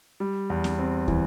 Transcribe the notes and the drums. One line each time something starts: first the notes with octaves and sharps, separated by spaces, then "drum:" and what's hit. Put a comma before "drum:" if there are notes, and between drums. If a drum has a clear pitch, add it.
G3
E2
drum: snare C4
C4
E3, drum: kick